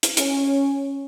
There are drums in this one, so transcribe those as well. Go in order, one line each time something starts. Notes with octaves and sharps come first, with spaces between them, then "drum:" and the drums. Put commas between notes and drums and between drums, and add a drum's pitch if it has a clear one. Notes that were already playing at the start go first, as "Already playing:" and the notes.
drum: hi-hat
C#4, drum: hi-hat